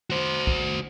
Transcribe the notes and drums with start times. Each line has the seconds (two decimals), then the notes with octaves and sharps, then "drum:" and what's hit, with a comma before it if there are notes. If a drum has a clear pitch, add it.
0.10 F#4 C5
0.47 drum: kick B1